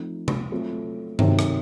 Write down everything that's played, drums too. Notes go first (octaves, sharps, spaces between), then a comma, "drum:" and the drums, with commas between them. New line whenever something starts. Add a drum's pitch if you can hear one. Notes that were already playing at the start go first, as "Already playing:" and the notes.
Already playing: F3 A3 C4 D#4
drum: tom C3
F#3 A3 C4 F4 A4
C3 D#3 F#3, drum: tom G2
drum: rim click